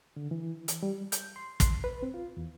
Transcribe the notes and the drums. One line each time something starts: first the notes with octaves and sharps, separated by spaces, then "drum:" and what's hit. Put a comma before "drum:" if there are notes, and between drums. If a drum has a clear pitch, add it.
D3
E3
drum: hi-hat
G3
G6, drum: hi-hat
C6
C6, drum: kick, hi-hat
B4
C4
F4
E2